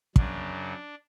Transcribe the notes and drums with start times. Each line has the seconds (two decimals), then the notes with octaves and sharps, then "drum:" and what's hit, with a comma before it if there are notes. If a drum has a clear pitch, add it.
0.16 F#2 C#3 F#3 D4, drum: kick